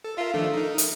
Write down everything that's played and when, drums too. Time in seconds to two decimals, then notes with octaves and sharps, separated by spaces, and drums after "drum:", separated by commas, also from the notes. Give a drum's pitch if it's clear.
0.04 A4
0.17 F4 A#4 E5
0.34 D#3 F3 A3 D4
0.54 D#4 A#4
0.78 drum: hi-hat